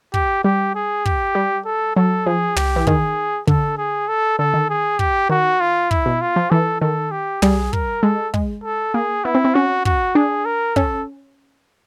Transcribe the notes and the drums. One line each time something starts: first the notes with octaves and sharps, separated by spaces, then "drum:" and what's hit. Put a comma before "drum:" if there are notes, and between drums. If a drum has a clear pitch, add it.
G4, drum: kick
G3 G4
G#4
G4, drum: kick
G3
A4
F#3 A4
F3 G#4
G4, drum: tom
E3
D#3 G#4, drum: kick
D3 A4, drum: kick
G#4
A4
D3 A4
D#3
G#4
G4, drum: kick
D#3 F#4
F4
E4, drum: kick
B2
F4
F3
E3 A4
D#3 A4
G4
G3 G#4, drum: tom
A#4, drum: kick
G#3 A4
G#3, drum: kick
A4
A#3 G#4
B3 E4
C4
C4
C#4 F#4
F#4, drum: kick
D4 G#4
A#4
C#4 A4, drum: kick